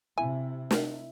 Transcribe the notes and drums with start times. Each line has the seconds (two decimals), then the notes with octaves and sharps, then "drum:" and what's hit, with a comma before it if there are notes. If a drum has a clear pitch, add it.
0.18 C3 E4 G#5
0.71 drum: snare